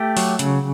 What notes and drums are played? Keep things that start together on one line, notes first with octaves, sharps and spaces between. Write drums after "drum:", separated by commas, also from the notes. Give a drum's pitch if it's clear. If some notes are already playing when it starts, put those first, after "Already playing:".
Already playing: A3 G4
F#3, drum: open hi-hat
C#3, drum: hi-hat